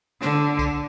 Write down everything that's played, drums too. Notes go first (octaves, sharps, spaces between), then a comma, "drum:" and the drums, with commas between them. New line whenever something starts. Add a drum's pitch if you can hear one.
D3, drum: snare
drum: kick C2, tambourine